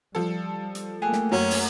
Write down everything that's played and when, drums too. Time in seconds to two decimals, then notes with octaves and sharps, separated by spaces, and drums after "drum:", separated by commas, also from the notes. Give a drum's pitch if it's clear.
0.15 F3 G3 A4
0.75 drum: hi-hat
1.02 A3 A#3 G4 G#4 F#5
1.13 drum: snare
1.32 F#2 F#3 C#4
1.51 drum: open hi-hat